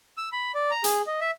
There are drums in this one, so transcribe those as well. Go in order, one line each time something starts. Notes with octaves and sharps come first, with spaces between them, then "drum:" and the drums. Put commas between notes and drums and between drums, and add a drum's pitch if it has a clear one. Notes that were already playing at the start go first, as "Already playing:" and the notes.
E6
B5
D5
A#5
G#4, drum: hi-hat
D#5
E5